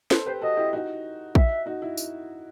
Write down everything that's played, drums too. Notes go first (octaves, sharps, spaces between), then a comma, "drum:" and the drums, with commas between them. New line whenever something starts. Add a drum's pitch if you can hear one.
A4 B4 C5, drum: snare
G4 B4 C5
F#4 A4 D#5
E4 G4
D#4 F#4
E5, drum: kick
D#4 F#4
E4
drum: tambourine